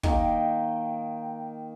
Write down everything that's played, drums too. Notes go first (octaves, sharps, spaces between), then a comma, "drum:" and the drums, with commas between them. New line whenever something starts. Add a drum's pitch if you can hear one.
D#3 A#3 D#5 G5, drum: kick